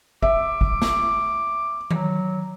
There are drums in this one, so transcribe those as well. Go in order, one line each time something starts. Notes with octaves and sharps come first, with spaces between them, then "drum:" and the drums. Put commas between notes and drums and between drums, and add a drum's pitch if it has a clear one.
E5 D6, drum: kick
drum: kick
drum: snare
F#3, drum: tom D#3